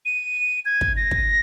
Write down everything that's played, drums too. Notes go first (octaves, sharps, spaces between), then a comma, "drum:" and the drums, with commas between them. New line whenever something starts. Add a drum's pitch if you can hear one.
D#7
G#6
drum: kick
A#6
drum: kick